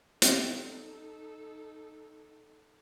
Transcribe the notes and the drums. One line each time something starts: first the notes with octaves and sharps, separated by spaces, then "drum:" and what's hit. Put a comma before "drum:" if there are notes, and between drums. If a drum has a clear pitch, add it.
D#4 A4, drum: hi-hat